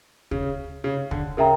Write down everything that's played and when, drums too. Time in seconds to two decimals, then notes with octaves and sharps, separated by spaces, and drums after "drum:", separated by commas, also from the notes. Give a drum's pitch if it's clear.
0.31 C#3, drum: kick
0.84 C#3
1.11 D3, drum: kick
1.37 C#3 A#4 E5 G5 A#5